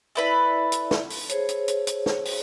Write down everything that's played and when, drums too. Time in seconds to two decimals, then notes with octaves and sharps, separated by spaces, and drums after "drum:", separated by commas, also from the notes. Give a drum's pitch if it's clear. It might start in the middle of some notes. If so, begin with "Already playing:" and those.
0.15 E4 A4 B4 D5 E5 B5
0.72 drum: hi-hat
0.91 drum: snare
1.10 drum: open hi-hat
1.29 G#4 C5 C#5, drum: hi-hat
1.49 drum: hi-hat
1.68 drum: hi-hat
1.87 drum: hi-hat
2.06 drum: snare
2.25 drum: open hi-hat